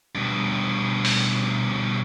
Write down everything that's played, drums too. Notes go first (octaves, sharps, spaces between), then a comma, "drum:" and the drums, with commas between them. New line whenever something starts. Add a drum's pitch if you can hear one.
G2 B2
drum: open hi-hat